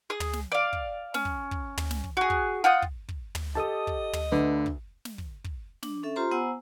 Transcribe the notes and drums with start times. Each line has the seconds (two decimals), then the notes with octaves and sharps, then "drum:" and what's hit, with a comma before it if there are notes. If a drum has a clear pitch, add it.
0.10 G#4 D#6
0.20 drum: tom
0.33 drum: snare
0.52 D5 F5
0.73 drum: kick
1.14 C#4, drum: snare
1.25 drum: kick
1.51 drum: kick
1.77 drum: tom
1.91 drum: snare
2.04 drum: kick
2.17 F#4 G#4
2.30 drum: kick
2.64 F4 F#5 G5 D#6
2.82 drum: kick
3.09 drum: kick
3.35 drum: tom
3.55 G4 A4 D#5 A5 D#6
3.87 drum: kick
4.13 drum: tom
4.32 D2 D3 B4
4.66 drum: kick
5.05 drum: snare
5.18 drum: kick
5.44 drum: kick
5.83 D4, drum: snare
6.03 C#4 A4 E5
6.16 F4 G4 C5 A#5 C6
6.31 B3 C5 F#5 G#5 A#5 E6